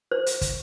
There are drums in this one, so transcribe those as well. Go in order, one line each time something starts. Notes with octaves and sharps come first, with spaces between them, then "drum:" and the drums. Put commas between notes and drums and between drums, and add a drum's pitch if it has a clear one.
C5
drum: hi-hat
drum: kick, hi-hat